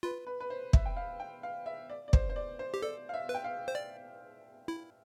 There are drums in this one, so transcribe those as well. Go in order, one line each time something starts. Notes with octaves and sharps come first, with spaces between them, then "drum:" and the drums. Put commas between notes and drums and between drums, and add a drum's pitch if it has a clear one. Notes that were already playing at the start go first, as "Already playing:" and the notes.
F4 B4
B4
B4
C5
E5, drum: kick
G5
F5
G5
F5
E5
D5
D5
C5, drum: kick
C5
D5
C5
G4
A4 D5
F5
E5
B4
G5
F5
C5
D5
E4